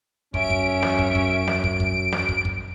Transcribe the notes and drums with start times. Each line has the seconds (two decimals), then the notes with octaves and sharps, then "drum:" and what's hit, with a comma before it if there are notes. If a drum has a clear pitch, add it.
0.34 F#2 C#4 E5 D7, drum: kick
0.50 drum: kick
0.83 drum: snare
0.99 drum: kick
1.15 drum: kick
1.48 drum: snare
1.64 drum: kick
1.80 drum: kick
2.12 drum: snare
2.29 drum: kick
2.45 drum: kick